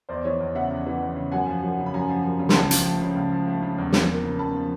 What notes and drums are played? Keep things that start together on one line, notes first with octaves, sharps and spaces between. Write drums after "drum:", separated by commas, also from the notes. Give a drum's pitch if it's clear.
E2 C5 D5
E3 C#5 D#5
E2
C#3 E5 F#5
E2
E3
E2
C#3
F#2 F#5 G#5
F3
F#2
C#3
B5
F#2 G#5 A#5
F3
F#2
C#3
C6, drum: snare
C#2 A5 B5
F3, drum: hi-hat
A3
C#3
C#2
F3
A3
C#3
E2
F3, drum: snare
A#3
C#3
E2 A5 B5
F3